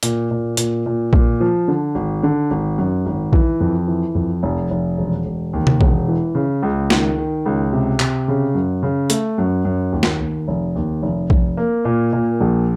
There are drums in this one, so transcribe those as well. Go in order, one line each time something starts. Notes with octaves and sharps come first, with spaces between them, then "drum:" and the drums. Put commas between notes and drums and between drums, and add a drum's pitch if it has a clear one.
A#2, drum: hi-hat
A#2
A#2, drum: hi-hat
A#2
A#2, drum: kick A#1
F3
D3
G#1
D3
G#1
F#2
G#1
E3, drum: kick A#1
F2
E3
F2
F1
F1
E1
E1
D#2
drum: tom C3
E1, drum: kick A#1
E3
C#3
C#2
D#3, drum: snare
D#3
C#2
C3
C3, drum: clap
C#3
F#2
C#3
A3, drum: hi-hat
F#2
F#2
D#2
drum: snare
D#2
F1
D#2
F1
F1, drum: kick A#1
A#3
A#2
A#2
A#1